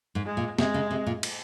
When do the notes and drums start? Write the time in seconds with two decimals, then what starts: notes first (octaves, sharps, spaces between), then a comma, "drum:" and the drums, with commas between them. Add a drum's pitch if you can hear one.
0.15 G#2
0.26 G#3
0.37 A#2
0.58 C3 G#3, drum: snare
0.74 C#3
0.91 C3
1.07 A#2
1.23 drum: cymbal